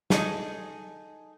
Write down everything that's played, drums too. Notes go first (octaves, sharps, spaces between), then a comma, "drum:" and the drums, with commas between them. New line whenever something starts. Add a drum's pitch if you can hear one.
D#4 G#4 A4 D#5, drum: snare